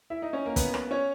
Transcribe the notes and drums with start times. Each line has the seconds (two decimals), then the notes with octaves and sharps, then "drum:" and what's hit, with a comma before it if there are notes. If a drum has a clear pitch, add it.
0.10 E4 E5
0.22 D#4 D#5
0.33 C#4 C#5
0.46 A#3 A#4
0.56 B3 B4, drum: kick, hi-hat
0.74 drum: rim click
0.91 C#4 C#5